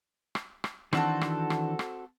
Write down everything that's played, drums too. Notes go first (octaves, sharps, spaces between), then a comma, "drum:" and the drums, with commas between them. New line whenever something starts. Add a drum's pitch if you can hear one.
drum: rim click
drum: rim click
D#3 E3 C4 D4 F#4 A4, drum: rim click
drum: rim click
drum: rim click
drum: rim click